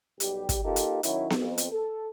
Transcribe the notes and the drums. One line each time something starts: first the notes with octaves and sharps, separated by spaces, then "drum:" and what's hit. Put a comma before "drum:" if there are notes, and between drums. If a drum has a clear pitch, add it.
B1 G3 G4, drum: hi-hat
drum: kick, hi-hat
A#3 D#4 F4 G4 A4
drum: hi-hat
D#3 F#3 C#4 E4, drum: hi-hat
drum: snare B3
F2
drum: hi-hat
A4